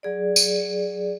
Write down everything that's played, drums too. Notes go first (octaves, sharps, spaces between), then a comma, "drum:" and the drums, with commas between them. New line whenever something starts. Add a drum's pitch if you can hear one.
F#3 G#4 D5
drum: tambourine